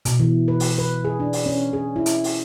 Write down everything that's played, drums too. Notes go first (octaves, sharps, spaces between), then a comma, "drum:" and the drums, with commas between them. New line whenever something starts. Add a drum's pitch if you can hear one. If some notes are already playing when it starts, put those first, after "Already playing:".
B2, drum: hi-hat
E3
B4
drum: open hi-hat
B4
G#4
D4
drum: open hi-hat
C#4
G#4
E4
drum: hi-hat
drum: open hi-hat